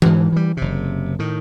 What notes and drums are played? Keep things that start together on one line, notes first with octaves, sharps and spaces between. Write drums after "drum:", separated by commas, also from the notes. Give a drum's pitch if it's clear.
G#2 E3, drum: tom E3
E3 G3
F#1 C3
A2 D#3